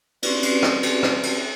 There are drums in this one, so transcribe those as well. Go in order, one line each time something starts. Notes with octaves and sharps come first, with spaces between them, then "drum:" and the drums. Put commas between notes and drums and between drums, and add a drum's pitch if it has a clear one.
C4 C#4 F#4 G4 B4 D5, drum: cymbal
drum: cymbal
drum: rim click
drum: cymbal
drum: rim click
drum: cymbal